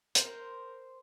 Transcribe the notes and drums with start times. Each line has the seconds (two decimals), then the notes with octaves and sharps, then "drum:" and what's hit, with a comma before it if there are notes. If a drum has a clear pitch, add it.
0.15 A#4 C5, drum: hi-hat